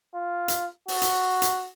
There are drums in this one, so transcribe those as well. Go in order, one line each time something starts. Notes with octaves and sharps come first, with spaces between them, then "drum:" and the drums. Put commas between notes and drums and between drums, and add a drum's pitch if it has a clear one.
F4
drum: hi-hat
F#4, drum: open hi-hat
drum: hi-hat
drum: hi-hat